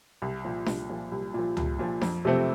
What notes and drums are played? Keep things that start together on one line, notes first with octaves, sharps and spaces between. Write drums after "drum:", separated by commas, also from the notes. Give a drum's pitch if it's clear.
C2
A#2 F3
C2, drum: snare D4
A#2 F3
C2
A#2 F3
C2, drum: tom
A#2 F3
F2, drum: snare D4
C3 F3 A3 C4